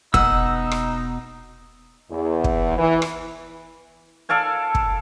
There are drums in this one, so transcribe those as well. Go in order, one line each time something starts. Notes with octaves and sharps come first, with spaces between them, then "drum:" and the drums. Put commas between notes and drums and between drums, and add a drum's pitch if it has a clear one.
E1 B2 D#4 F#5 E6, drum: kick
drum: rim click
E2
drum: kick
E3
drum: rim click
A4 D5 F5 G#5
drum: kick